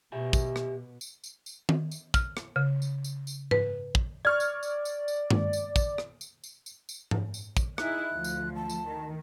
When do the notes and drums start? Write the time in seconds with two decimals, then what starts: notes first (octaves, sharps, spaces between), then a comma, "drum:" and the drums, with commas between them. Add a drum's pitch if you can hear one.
0.12 B2 G4 E5 G#5
0.33 drum: kick, tambourine
0.56 drum: rim click
1.01 drum: tambourine
1.24 drum: tambourine
1.46 drum: tambourine
1.69 drum: tom D#3
1.91 drum: tambourine
2.14 F6, drum: kick, tambourine
2.37 drum: rim click
2.56 C#3
2.82 drum: tambourine
3.04 drum: tambourine
3.27 drum: tambourine
3.51 B4, drum: tom G#2
3.95 drum: kick
4.25 D5 C#6 F6 G#6
4.40 drum: tambourine
4.63 drum: tambourine
4.85 drum: tambourine
5.08 drum: tambourine
5.31 drum: tom
5.53 drum: tambourine
5.76 drum: kick, tambourine
5.98 drum: rim click
6.21 drum: tambourine
6.44 drum: tambourine
6.66 drum: tambourine
6.89 drum: tambourine
7.11 drum: tom G#2
7.34 drum: tambourine
7.57 drum: kick, tambourine
7.78 D#4 E4 G#4 F#6, drum: rim click
8.13 D2 F3
8.24 drum: tambourine
8.55 A5
8.70 drum: tambourine
8.87 D#3